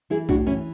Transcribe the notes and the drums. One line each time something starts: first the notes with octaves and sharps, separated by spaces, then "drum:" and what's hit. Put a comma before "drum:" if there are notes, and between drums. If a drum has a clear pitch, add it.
E3 E4 G#4
A2 D4 F#4, drum: kick C2
E3 C#4 E4